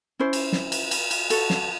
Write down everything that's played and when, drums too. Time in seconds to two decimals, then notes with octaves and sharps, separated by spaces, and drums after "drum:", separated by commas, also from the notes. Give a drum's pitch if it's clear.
0.19 C#4 E4 C5
0.33 drum: cymbal
0.52 drum: snare
0.72 drum: cymbal
0.91 drum: cymbal
1.11 drum: cymbal
1.30 F#4 A4, drum: cymbal
1.50 drum: snare